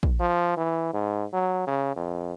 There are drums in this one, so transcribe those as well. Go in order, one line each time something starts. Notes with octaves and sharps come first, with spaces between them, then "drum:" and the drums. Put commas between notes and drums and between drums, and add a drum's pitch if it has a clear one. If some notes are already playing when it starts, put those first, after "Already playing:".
drum: kick
F3
E3
G#2
F#3
C#3
F2